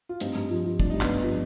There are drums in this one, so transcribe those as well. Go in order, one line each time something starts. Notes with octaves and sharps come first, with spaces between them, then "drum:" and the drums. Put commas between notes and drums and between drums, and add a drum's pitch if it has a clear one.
F4
G2 C4 D#4, drum: hi-hat
G2
F3
F3
G2 D4, drum: kick
G2 D#4
B3 D4, drum: clap
G2
F3